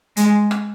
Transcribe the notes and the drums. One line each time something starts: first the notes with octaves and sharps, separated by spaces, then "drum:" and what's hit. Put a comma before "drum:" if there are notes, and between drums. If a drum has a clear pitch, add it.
G#3, drum: hi-hat
drum: rim click